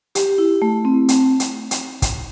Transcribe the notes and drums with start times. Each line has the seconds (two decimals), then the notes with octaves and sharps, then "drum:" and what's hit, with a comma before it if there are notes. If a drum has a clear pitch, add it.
0.15 G4, drum: hi-hat
0.38 E4
0.62 A3
0.85 C4
1.08 drum: hi-hat
1.40 drum: hi-hat
1.71 drum: hi-hat
2.02 drum: kick, hi-hat